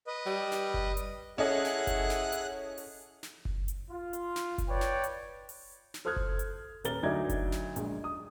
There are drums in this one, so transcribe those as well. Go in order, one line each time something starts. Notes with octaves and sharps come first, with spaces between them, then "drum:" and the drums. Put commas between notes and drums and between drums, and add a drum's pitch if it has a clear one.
B4 D#5
G3
drum: snare
drum: kick F#1
drum: hi-hat
C#4 E4 G#4 A4 D#5 F#5 F#6
drum: snare
drum: kick F#1, hi-hat
drum: snare
drum: hi-hat
drum: open hi-hat
drum: snare
drum: kick F#1
drum: hi-hat
F4
drum: hi-hat
drum: snare
drum: kick F#1, hi-hat
B4 C#5 D5 G5
drum: snare
drum: hi-hat
drum: open hi-hat
drum: snare
A4 C5 D#6 F6 F#6 G#6
drum: kick F#1
drum: hi-hat
D#1 A#4 B4 A6 G7, drum: hi-hat
D2 F#3 D#4 D5 E5 G#6
drum: kick F#1, hi-hat
drum: snare
A#1 G#3, drum: hi-hat
D#6